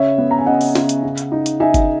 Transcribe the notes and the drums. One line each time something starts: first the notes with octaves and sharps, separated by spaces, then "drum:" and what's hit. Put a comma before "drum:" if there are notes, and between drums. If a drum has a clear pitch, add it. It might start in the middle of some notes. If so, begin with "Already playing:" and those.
Already playing: C#3 C#5 E5
B3
A#5
G#5
C#3 D#5 F#5
drum: open hi-hat
C#3, drum: snare
drum: hi-hat
C#3
drum: hi-hat
D#4
drum: hi-hat
D#4 E5 G#5
drum: kick, hi-hat